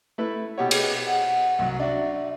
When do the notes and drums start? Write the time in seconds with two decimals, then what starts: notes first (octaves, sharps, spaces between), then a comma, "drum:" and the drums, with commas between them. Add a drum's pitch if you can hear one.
0.18 A3 E4 B4
0.58 B2 G4 C#5 F#5
0.71 G#4, drum: cymbal
1.08 F#5
1.59 C2 F#3
1.79 D4 F#4 E5